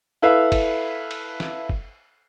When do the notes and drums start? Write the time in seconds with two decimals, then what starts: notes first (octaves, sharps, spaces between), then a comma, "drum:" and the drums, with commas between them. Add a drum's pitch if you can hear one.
0.22 E4 A4 B4 E5 F5
0.52 drum: kick, cymbal
1.11 drum: cymbal
1.40 drum: snare
1.69 drum: kick